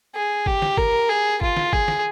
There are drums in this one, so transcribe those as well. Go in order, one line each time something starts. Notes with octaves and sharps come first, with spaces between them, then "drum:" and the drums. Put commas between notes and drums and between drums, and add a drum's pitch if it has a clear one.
G#4
G4, drum: kick
drum: snare
A#4, drum: kick
G#4
F4, drum: kick
drum: snare
G#4, drum: kick
drum: snare